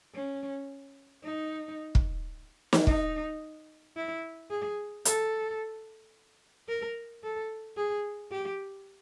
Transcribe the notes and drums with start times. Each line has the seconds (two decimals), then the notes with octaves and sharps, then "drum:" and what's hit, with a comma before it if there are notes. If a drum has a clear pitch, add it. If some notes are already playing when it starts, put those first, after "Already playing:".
0.15 C#4
1.24 D#4
1.95 drum: kick
2.73 drum: snare
2.87 D#4, drum: kick
3.96 E4
4.50 G#4
5.05 A4, drum: hi-hat
6.69 A#4
7.23 A4
7.77 G#4
8.31 G4